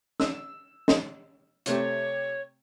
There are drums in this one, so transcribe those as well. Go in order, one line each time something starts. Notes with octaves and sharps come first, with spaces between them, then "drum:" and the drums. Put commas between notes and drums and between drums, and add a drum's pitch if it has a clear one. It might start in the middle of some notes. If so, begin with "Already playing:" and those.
E6, drum: snare
drum: snare
C3 A3 G4 C#5, drum: hi-hat